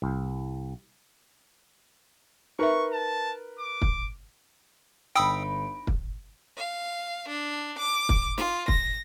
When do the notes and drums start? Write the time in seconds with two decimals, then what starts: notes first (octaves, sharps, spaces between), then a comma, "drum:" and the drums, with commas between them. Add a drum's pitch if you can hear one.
0.02 C2
2.59 D#4 A#4 B4 E5 C#6
2.93 A5
3.59 D6
3.82 drum: kick
5.16 G1 D#4 G5 B5 D#6 E6 D7
5.87 drum: kick
6.57 F5
7.28 D4
7.78 D6
8.09 drum: kick
8.38 F4, drum: snare
8.68 A#6, drum: kick